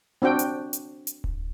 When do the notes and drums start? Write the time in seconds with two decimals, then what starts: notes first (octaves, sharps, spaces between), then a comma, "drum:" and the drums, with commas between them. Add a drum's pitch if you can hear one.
0.22 C4 D4 F#4 G5
0.39 drum: hi-hat
0.73 drum: hi-hat
1.07 drum: hi-hat
1.24 drum: kick D1